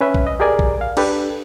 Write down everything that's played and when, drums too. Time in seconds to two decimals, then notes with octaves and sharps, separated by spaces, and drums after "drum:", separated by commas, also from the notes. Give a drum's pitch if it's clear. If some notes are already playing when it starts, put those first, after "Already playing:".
0.01 C#4 B4 E5
0.14 drum: kick
0.27 D#5
0.40 G4 G#4 A#4 D5 G#5
0.59 drum: kick
0.81 F5
0.97 D4 G4 A4 B4, drum: cymbal